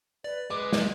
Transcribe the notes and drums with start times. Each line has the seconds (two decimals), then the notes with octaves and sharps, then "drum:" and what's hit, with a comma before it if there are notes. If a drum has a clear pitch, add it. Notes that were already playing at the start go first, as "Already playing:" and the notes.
0.24 B4 D5
0.50 G#3 B4 D6
0.73 drum: snare